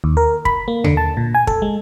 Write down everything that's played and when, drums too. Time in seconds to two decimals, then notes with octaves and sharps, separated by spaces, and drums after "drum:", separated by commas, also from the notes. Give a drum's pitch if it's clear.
0.04 D#2
0.17 A#4
0.45 B5, drum: kick
0.68 A#3
0.84 D3, drum: tom D#2
0.97 A5
1.17 A#2
1.35 G#5
1.47 A4, drum: kick
1.62 G#3